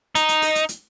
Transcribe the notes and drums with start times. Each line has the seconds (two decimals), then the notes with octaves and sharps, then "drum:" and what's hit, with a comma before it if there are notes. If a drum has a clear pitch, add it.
0.15 D#4, drum: hi-hat
0.29 drum: hi-hat
0.42 drum: open hi-hat
0.55 drum: hi-hat
0.69 drum: hi-hat